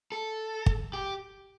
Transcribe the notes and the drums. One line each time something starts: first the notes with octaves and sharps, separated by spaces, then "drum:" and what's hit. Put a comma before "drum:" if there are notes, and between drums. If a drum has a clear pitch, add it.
A4
drum: kick
G4